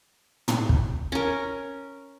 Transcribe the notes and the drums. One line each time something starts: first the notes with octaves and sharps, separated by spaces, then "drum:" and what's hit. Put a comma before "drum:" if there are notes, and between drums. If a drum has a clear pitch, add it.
drum: tom
drum: kick
C#4 A#4